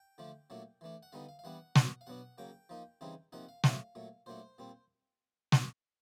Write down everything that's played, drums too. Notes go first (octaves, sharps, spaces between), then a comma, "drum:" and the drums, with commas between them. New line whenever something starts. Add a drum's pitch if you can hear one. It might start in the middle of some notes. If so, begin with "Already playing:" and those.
Already playing: G5
D3 F3 A3 D4
A#2 F#3 A3 D4
E3 A3 D4
F#5
D3 G3 B3 D#4 F5
F5
F5
E3 G3 B3 D4 F#5
B2 F#3 B3, drum: snare
F5
B2 F#3 B3 D4 F#5
C#3 F#3 A#3 G5
F3 A#3 D#4
C#3 E3 G3 C4 D#4
C3 F3 A#3 D#4 F#5
F5
A2 F#3 A3 F5, drum: snare
A#2 F#3 A3
A#2 F#3 A3 D4 C5
A#2 G3 C4
drum: snare